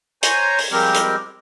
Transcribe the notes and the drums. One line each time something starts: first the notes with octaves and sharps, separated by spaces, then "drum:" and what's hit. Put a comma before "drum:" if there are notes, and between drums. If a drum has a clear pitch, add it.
C5 C#5 G#5 A#5, drum: hi-hat
drum: open hi-hat
F3 G3 G#3 C4 G4 A#4
drum: hi-hat